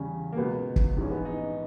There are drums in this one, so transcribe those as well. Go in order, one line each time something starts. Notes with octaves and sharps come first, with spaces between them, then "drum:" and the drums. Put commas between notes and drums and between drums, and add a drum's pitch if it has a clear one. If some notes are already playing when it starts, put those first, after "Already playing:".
Already playing: E2 C#3 G3 C#4
A#3
C#2 B2 G#3 B3
drum: kick
A#1 G#2 E3 G#3 C#4
B3
D#4